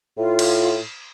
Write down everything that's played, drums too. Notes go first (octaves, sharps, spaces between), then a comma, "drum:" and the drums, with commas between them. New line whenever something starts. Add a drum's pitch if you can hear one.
A2 F4
drum: cymbal